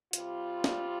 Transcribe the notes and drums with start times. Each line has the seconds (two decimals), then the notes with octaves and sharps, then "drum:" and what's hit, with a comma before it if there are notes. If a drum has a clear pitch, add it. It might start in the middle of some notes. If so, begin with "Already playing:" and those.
0.13 C3 G3 F4, drum: hi-hat
0.64 drum: snare